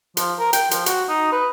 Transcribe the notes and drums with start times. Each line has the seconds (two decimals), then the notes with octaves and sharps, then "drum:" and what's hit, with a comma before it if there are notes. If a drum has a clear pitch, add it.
0.17 F3, drum: hi-hat
0.39 A#4
0.53 G5, drum: hi-hat
0.71 F3, drum: hi-hat
0.86 F#4, drum: hi-hat
1.09 D#4
1.32 B4